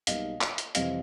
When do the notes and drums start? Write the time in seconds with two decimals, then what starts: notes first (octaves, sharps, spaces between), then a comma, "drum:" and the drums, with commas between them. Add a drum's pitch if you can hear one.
0.07 B1 B2 G3 A#3 D#4 D#5 F5, drum: hi-hat
0.41 drum: clap
0.58 drum: hi-hat
0.75 F2 C3 E3 G3 C4 D#5 F5, drum: hi-hat